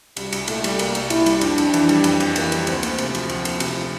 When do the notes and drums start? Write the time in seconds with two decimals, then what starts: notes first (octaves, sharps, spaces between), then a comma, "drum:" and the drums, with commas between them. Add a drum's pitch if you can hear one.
0.17 C2 G3, drum: cymbal
0.32 C2, drum: cymbal
0.48 A#2 A3, drum: cymbal
0.64 G3, drum: cymbal
0.79 C2 A#3, drum: cymbal
0.95 C2, drum: cymbal
1.10 A#2 E4, drum: cymbal
1.26 G3, drum: cymbal
1.41 F2 D4, drum: cymbal
1.58 F2, drum: cymbal
1.74 E3, drum: cymbal
1.89 G3, drum: cymbal
2.04 F2, drum: cymbal
2.20 F2, drum: cymbal
2.36 E3 A#3, drum: cymbal
2.52 G3, drum: cymbal
2.67 D2 C4, drum: cymbal
2.83 A#3, drum: cymbal
2.98 C3 C4, drum: cymbal
3.15 F3, drum: cymbal
3.29 D2, drum: cymbal
3.45 A#3, drum: cymbal
3.60 C3, drum: cymbal
3.77 F3